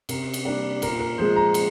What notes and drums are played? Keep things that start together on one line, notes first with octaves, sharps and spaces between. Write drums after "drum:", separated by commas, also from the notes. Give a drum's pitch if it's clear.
C3 A#4, drum: cymbal
drum: cymbal
G3 A#3 D4
A#2 A#4, drum: cymbal
A#4
F3 G#3 C5
A#5
drum: cymbal